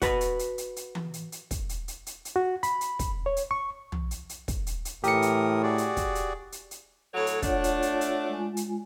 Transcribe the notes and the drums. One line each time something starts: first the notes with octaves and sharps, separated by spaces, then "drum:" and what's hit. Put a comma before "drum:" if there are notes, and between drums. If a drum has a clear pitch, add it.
F#4 B4 A#5 B5, drum: kick, hi-hat
drum: hi-hat
drum: hi-hat
drum: hi-hat
drum: hi-hat
drum: tom E3
drum: hi-hat
drum: hi-hat
drum: kick, hi-hat
drum: hi-hat
drum: hi-hat
drum: hi-hat
drum: hi-hat
F#4
B5, drum: hi-hat
drum: hi-hat
drum: kick, hi-hat
C#5
drum: hi-hat
C#6
drum: tom
drum: hi-hat
drum: hi-hat
drum: kick, hi-hat
drum: hi-hat
drum: hi-hat
A2 E3 G4 A#4 D#6 C#7, drum: hi-hat
drum: hi-hat
F#4 G#4 D5
drum: hi-hat
drum: kick, hi-hat
drum: hi-hat
drum: hi-hat
drum: hi-hat
A2 F#3 A4 C#5
drum: hi-hat
A3 D4 F4 C#5 F#5, drum: kick, hi-hat
drum: hi-hat
drum: hi-hat
drum: hi-hat
G#3 F4 G#5
drum: hi-hat